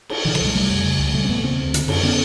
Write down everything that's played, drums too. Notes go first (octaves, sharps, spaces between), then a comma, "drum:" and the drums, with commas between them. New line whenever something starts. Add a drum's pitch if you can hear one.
drum: cymbal
B2 D3 E3
D#3 F3, drum: rim click
C2 F#3 G#3
C3 G3 A3
F2
C#3
C#2
B2 G3 A3
C4
E2 A3 B3
C#3 A#3 C4
D2
D3, drum: hi-hat
F#2, drum: cymbal
D3 B3 C#4